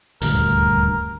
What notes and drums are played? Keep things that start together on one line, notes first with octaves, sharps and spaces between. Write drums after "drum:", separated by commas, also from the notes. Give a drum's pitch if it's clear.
D#1 D2 G2 A#4, drum: hi-hat